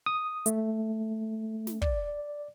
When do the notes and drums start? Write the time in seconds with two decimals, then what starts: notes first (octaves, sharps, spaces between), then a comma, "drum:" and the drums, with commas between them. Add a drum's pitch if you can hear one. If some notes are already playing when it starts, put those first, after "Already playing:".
0.06 D#6
0.46 A3, drum: hi-hat
1.67 drum: snare
1.82 D5, drum: kick